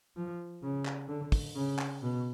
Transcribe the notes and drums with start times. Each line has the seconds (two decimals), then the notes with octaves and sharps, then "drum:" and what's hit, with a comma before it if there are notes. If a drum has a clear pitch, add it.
0.16 F3
0.62 C#3
0.86 drum: clap
1.09 D3
1.32 drum: kick, open hi-hat
1.55 C#3
1.79 drum: clap
2.03 B2